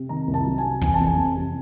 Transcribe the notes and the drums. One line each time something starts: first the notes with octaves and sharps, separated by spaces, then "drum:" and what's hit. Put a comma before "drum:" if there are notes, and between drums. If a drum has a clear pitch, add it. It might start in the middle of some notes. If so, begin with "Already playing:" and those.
Already playing: C3
D#3 A#5
C2
A5, drum: hi-hat
F#3
G#5, drum: hi-hat
C3
E3 G#5, drum: kick, hi-hat
A5
F2
G#5, drum: hi-hat
F2
C3